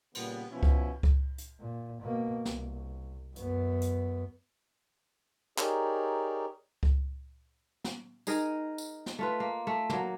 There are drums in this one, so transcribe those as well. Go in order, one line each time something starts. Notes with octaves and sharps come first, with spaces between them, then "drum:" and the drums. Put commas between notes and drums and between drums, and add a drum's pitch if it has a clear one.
A#2 C#3 G3 B3, drum: cymbal
B2 F3 B3 C#4 E4
drum: kick C#2
drum: kick C#2
drum: hi-hat
A#2
B2 A#3
C2, drum: snare
F#2 B3, drum: hi-hat
drum: hi-hat
D#4 G4 G#4 A#4 C#5 D5, drum: clap
drum: kick C#2
drum: snare
D#4 G#4 A#4 D#5, drum: tambourine
drum: tambourine
drum: snare
A3 F4 B4
A#3
A3
F#3 A#3, drum: tom